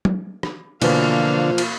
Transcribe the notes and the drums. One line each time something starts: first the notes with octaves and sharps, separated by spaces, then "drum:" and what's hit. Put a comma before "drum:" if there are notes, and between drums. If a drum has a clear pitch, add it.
drum: tom
drum: rim click
B2 D3 E3 F3 A#3 F5, drum: cymbal
drum: cymbal